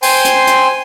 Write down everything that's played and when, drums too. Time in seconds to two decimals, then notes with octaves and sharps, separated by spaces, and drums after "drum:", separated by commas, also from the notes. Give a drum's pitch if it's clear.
0.02 C5 G5 G#5 C6, drum: open hi-hat
0.25 drum: hi-hat
0.47 drum: hi-hat